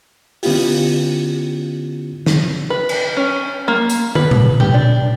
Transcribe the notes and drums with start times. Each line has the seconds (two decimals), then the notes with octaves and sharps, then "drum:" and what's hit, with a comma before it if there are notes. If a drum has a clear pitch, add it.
0.43 D3 B3 C#4 E4 F4 G4, drum: open hi-hat
2.26 drum: snare
2.70 B4
2.89 drum: cymbal
3.17 C#4
3.68 A#3
3.89 drum: tambourine
4.15 B4, drum: tom
4.31 drum: tom A#2
4.60 G4, drum: tom A#2
4.74 D4